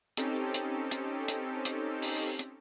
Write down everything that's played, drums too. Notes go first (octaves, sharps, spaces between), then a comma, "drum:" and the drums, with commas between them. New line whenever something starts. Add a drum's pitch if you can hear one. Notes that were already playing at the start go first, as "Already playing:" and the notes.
C4 C#4 D#4 G4 A4, drum: hi-hat
drum: hi-hat
drum: hi-hat
drum: hi-hat
drum: hi-hat
drum: open hi-hat
drum: hi-hat